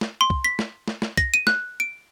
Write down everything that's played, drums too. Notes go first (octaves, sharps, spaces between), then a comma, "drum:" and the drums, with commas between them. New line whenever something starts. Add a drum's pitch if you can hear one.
drum: snare
C6
drum: kick
B6
drum: snare
drum: snare
drum: snare
A#6, drum: kick, hi-hat
D#7
F#6, drum: snare
D7